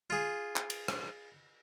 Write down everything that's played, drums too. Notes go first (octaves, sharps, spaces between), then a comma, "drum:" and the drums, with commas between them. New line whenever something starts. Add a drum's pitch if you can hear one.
F4 G#4
drum: clap
drum: cymbal
drum: rim click